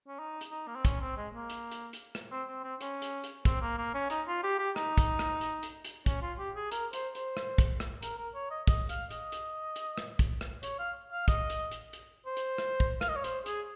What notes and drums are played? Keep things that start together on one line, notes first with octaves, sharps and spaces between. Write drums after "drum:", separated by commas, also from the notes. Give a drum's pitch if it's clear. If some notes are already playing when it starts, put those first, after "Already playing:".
C#4
D#4
drum: hi-hat
D#4
A#3
C4
C#4, drum: kick, hi-hat
C4
G#3
A#3
drum: hi-hat
drum: hi-hat
drum: hi-hat
drum: rim click
C4
C4
C4
C#4, drum: hi-hat
drum: hi-hat
drum: hi-hat
C4, drum: kick, hi-hat
A#3
A#3
C#4
D#4, drum: hi-hat
F4
G4
G4
D#4, drum: rim click
drum: kick, hi-hat
drum: rim click
drum: hi-hat
drum: hi-hat
drum: hi-hat
C#4, drum: kick, hi-hat
F4
G4
G#4
A#4, drum: hi-hat
C5, drum: hi-hat
C5, drum: hi-hat
drum: rim click
drum: kick, hi-hat
drum: rim click
A#4, drum: hi-hat
A#4
C#5
D#5
D#5, drum: kick, hi-hat
F5, drum: hi-hat
D#5, drum: hi-hat
drum: hi-hat
drum: hi-hat
drum: rim click
drum: kick, hi-hat
drum: rim click
C#5, drum: hi-hat
F5
F5
D#5, drum: kick, hi-hat
drum: hi-hat
drum: hi-hat
drum: hi-hat
C5
drum: hi-hat
drum: rim click
drum: kick
F5, drum: rim click
D#5
C#5
C5, drum: hi-hat
G#4, drum: hi-hat